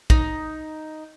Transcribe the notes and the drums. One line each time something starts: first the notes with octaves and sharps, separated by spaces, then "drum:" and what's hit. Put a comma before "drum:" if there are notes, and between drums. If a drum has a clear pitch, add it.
D#4, drum: kick